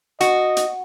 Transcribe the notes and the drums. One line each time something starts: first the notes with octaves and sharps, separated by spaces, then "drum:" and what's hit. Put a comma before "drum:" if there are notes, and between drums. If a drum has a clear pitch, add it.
F#4 D#5, drum: hi-hat
drum: hi-hat